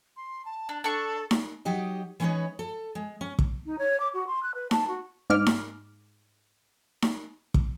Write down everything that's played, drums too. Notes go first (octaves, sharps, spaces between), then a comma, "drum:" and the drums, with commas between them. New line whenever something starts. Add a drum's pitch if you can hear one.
C6
A5
D4
D4 A4 C#6
drum: snare D#4
F#3 D#4 G4 D#5
E3 G#3 C#4 D#4 B4 C#5
A4
G#3
C#4
drum: kick
D#4
C#5
D6
F#4
C6
F#6
B4
A5, drum: snare D#4
F#4
G#2 D6 F6
drum: snare D#4
drum: snare D#4
drum: kick